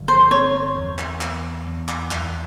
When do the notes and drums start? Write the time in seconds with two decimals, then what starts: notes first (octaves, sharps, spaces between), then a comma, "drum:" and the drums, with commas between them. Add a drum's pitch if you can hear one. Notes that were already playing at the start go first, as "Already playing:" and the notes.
Already playing: G1 F3
0.08 C5
0.31 C4 C#5
0.76 E2
0.98 drum: clap
1.21 E2, drum: clap
1.66 E2
1.88 drum: clap
2.11 E2, drum: clap